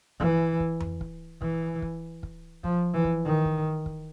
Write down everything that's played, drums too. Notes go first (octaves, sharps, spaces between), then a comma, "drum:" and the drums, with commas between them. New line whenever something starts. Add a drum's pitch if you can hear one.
E3, drum: kick
drum: kick
drum: tom F2
drum: kick
E3, drum: kick
drum: kick
drum: kick
F3, drum: kick
E3
drum: kick
D#3
drum: kick
drum: kick